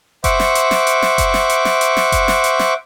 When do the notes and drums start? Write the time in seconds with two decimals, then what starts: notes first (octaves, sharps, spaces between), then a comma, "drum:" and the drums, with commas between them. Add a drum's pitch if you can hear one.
0.24 C5 E5 F#5 C#6 D6, drum: kick F#1, hi-hat
0.40 drum: snare
0.55 drum: hi-hat
0.71 drum: snare
0.87 drum: hi-hat
1.02 drum: snare
1.18 drum: kick F#1, hi-hat
1.34 drum: snare
1.49 drum: hi-hat
1.65 drum: snare
1.81 drum: hi-hat
1.97 drum: snare
2.12 drum: kick F#1, hi-hat
2.28 drum: snare
2.44 drum: hi-hat
2.59 drum: snare